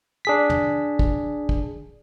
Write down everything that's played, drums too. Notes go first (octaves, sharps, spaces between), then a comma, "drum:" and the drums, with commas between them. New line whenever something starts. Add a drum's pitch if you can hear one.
D4 G#4 B6
drum: tom
drum: kick
drum: kick